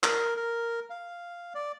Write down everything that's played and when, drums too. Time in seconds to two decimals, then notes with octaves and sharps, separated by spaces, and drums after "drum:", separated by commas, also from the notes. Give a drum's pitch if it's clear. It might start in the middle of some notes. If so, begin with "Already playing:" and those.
0.03 A#4, drum: clap
0.37 A#4
0.90 F5
1.54 D5